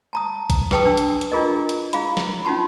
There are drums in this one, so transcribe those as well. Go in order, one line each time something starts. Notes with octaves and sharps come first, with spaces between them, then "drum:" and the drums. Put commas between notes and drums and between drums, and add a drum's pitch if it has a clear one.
A5 A#5 D#6
drum: kick, hi-hat
G#4 B4 G5 A5 D#6, drum: snare
D4 E6
drum: hi-hat
drum: hi-hat
D4 E4 F4 G#4 A#4 D#5
drum: hi-hat
E4 G#4 F5 B5, drum: hi-hat
drum: snare
C#4 D#4 F4 F#4 A5 B5